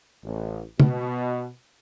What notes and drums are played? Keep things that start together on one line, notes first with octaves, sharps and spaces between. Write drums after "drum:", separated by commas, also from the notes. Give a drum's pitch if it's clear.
A1
B2, drum: tom